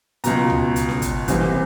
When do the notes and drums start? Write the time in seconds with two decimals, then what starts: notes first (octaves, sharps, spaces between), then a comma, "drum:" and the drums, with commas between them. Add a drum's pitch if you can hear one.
0.24 C#2 B2 A#5, drum: hi-hat
0.50 drum: tom C#2
0.76 drum: hi-hat
0.89 drum: snare C#4
1.02 drum: kick, hi-hat
1.28 C2 C3 E3, drum: kick, hi-hat